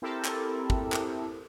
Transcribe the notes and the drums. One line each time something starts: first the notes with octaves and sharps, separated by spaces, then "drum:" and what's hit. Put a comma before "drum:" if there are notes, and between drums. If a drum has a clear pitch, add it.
C4 E4 G4 A4 A#4
drum: clap
drum: kick
drum: clap